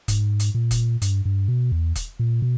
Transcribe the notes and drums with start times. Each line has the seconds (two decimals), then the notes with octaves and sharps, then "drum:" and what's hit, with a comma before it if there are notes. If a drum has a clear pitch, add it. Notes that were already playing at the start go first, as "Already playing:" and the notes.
0.08 G#2, drum: kick E1, hi-hat
0.40 drum: hi-hat
0.55 A#2
0.71 drum: kick E1, hi-hat
1.02 G2, drum: hi-hat
1.25 G2
1.48 B2
1.72 E2
1.95 drum: kick E1, hi-hat
2.19 A#2
2.42 B2